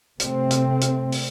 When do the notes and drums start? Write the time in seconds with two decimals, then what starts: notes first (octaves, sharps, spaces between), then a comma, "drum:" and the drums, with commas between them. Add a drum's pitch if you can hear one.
0.20 C3 A3 C4, drum: hi-hat
0.51 drum: hi-hat
0.81 drum: hi-hat
1.12 drum: open hi-hat